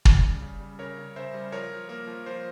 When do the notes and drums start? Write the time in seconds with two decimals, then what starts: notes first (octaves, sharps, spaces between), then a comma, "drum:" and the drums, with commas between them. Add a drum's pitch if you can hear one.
0.05 C#3, drum: kick
0.24 G3
0.42 C#3
0.60 G3
0.79 C#3 A#4 C#5
0.98 C#3
1.16 C#3 C5 E5
1.34 G3
1.52 F3 A#4 C#5
1.71 F3
1.89 A#3 A#4
2.07 F3
2.26 F3 C5